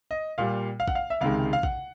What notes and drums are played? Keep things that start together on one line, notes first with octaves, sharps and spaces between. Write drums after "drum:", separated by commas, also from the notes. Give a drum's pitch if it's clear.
D#5
A#2 G3 F5
F5
F#5, drum: kick A#1
F5
E5
C#2 C3 D#3 G#3 F5
F5
F#5, drum: kick A#1